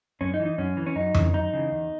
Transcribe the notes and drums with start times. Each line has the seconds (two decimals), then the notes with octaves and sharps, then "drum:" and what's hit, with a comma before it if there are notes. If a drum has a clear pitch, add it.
0.21 F#2 C#4
0.34 D#4
0.40 E3
0.46 D#4
0.58 F#2 C#4
0.77 E3
0.86 C#4
0.95 F#2 D#4
1.15 C#3 E3, drum: tom F2
1.33 F#2 D#4
1.53 C#3 E3
1.71 E2